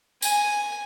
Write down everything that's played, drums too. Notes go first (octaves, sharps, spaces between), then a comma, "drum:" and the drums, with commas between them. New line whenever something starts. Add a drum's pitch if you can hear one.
G#5, drum: tambourine